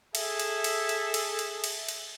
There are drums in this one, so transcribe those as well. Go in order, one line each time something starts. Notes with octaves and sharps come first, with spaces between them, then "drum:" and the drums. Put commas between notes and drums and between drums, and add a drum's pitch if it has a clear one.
G#4 A4 E5, drum: cymbal
drum: cymbal
drum: cymbal
drum: cymbal
drum: cymbal
drum: cymbal
drum: cymbal
drum: cymbal